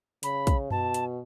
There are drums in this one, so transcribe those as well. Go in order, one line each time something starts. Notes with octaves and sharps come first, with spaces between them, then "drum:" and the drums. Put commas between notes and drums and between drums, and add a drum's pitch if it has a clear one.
C#3 B5, drum: hi-hat
drum: kick, hi-hat
B2 A5, drum: tom F#2
drum: hi-hat